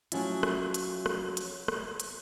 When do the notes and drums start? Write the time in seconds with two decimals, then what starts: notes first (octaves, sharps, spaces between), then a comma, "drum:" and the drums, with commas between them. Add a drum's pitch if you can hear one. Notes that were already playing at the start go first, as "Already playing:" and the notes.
0.12 F3 F#3 A3 C#4 E4 F4, drum: hi-hat
0.43 drum: rim click
0.74 drum: hi-hat
1.06 drum: rim click
1.37 drum: hi-hat
1.68 drum: rim click
2.00 drum: hi-hat